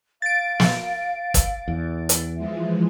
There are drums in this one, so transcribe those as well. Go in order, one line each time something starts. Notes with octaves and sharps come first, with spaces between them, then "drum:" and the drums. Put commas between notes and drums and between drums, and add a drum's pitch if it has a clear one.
F5 A6 D7
drum: snare
drum: kick, hi-hat
E2
drum: hi-hat
E3 F3 G#3 E5